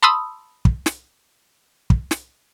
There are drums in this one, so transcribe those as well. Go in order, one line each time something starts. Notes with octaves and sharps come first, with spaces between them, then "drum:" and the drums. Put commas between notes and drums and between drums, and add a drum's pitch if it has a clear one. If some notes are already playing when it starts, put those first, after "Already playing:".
A5 B5 C6 D#6 E6
drum: kick
drum: snare
drum: kick
drum: snare